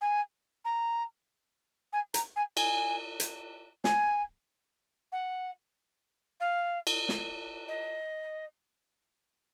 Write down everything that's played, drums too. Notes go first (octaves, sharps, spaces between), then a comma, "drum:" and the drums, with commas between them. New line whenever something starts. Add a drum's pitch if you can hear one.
G#5
A#5
G#5
A#5, drum: hi-hat
G#5
G#5, drum: cymbal
drum: hi-hat
G#5, drum: snare
F#5
F5
drum: cymbal
drum: snare
D#5